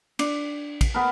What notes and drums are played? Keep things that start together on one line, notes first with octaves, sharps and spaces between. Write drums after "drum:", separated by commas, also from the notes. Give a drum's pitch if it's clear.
D4, drum: cymbal
drum: kick, cymbal
B3 A#4